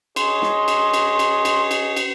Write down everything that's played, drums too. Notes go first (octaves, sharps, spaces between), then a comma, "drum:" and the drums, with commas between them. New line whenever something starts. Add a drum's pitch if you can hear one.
G#4 C#5 D#5 C6, drum: cymbal
drum: snare
drum: cymbal
drum: cymbal
drum: cymbal
drum: cymbal
drum: cymbal
drum: cymbal